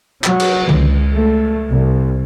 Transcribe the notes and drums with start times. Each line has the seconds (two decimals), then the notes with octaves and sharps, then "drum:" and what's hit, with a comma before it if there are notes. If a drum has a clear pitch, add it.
0.24 F#3, drum: clap
0.40 drum: cymbal
0.69 C#2, drum: tom D3
1.13 A3
1.69 C2